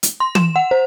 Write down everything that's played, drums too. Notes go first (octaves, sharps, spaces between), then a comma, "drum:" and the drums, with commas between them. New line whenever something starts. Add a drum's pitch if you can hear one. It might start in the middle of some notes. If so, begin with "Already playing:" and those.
drum: hi-hat
C6
E7, drum: tom
F#5
C5